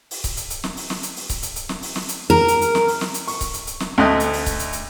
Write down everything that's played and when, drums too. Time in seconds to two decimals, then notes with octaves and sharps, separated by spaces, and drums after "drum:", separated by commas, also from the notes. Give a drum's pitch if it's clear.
0.11 drum: open hi-hat
0.24 drum: kick C#1, hi-hat
0.37 drum: hi-hat
0.50 drum: hi-hat
0.64 drum: snare
0.77 drum: open hi-hat
0.90 drum: snare
1.03 drum: hi-hat
1.16 drum: open hi-hat
1.30 drum: kick C#1, hi-hat
1.43 drum: hi-hat
1.56 drum: hi-hat
1.69 drum: snare
1.82 drum: open hi-hat
1.96 drum: snare
2.09 drum: hi-hat
2.30 A#4
2.48 drum: hi-hat
2.62 drum: hi-hat
2.75 drum: snare
2.88 drum: open hi-hat
3.01 drum: snare
3.14 drum: hi-hat
3.28 C#6, drum: open hi-hat
3.41 drum: kick C#1, hi-hat
3.54 drum: hi-hat
3.67 drum: hi-hat
3.80 drum: snare
3.98 D2 A3 D#5 F#6
4.20 drum: hi-hat
4.33 drum: open hi-hat
4.46 drum: kick C#1, hi-hat
4.60 drum: hi-hat
4.73 drum: hi-hat